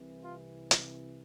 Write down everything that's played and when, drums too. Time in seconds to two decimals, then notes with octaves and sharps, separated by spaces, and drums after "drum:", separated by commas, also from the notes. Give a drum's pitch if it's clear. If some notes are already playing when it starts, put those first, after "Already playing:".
Already playing: C2 C3 E3
0.21 F4
0.71 drum: hi-hat